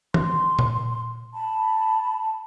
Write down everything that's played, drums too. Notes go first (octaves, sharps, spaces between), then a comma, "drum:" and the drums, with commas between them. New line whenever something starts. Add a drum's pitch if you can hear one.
C6, drum: tom D#3
drum: tom A#2
A5 B5